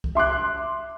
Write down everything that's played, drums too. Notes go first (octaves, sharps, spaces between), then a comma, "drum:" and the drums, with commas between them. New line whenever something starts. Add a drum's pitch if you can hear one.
drum: kick C2
E5 C6 D6 F#6